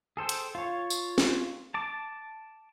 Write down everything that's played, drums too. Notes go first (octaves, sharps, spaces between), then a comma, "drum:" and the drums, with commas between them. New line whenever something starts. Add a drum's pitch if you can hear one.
G#4 A4 C5 G5
drum: hi-hat
F4 C#5
drum: tambourine
drum: snare
A5 D6